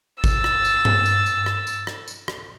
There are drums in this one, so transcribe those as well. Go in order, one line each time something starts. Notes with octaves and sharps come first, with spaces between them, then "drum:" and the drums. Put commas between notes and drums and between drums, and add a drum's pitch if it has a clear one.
E6 A6, drum: kick G#1, tambourine
drum: rim click
drum: tambourine
drum: tom G2
drum: tambourine
drum: tambourine
drum: rim click
drum: tambourine
drum: rim click
drum: tambourine
drum: rim click